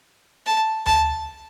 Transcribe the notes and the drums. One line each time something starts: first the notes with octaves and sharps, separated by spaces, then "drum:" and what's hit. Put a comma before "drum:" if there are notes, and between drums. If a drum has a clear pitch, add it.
A5
A5, drum: tom D2